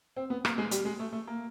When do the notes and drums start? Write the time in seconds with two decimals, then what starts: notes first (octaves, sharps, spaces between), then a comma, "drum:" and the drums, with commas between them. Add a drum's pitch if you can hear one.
0.16 C4
0.30 B3
0.45 A#3, drum: rim click
0.58 G#3
0.71 G3, drum: hi-hat
0.85 G#3
1.00 A3
1.13 A3
1.27 A#3